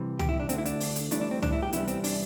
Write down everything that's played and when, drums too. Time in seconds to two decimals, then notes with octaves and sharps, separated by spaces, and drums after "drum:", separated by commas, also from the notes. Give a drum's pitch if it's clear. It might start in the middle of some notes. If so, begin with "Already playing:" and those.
Already playing: C2 C3 E3
0.19 G4, drum: tom
0.29 E4
0.40 D4
0.49 D2 D3 A3 C4, drum: hi-hat
0.58 E4
0.65 D4, drum: hi-hat
0.80 drum: open hi-hat
0.96 drum: hi-hat
1.11 A2 E3 G3 D4, drum: hi-hat
1.21 D4
1.31 C4
1.42 D4, drum: tom
1.52 E4
1.63 G4
1.73 E2 C3 E3 G3 E4, drum: hi-hat
1.88 C4, drum: hi-hat
2.04 D4, drum: open hi-hat